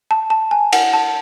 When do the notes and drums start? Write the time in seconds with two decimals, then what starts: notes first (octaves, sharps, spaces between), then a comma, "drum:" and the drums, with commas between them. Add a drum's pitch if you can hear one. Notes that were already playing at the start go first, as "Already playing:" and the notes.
0.11 A5
0.30 A5
0.51 G#5
0.73 F#5, drum: cymbal
0.93 A5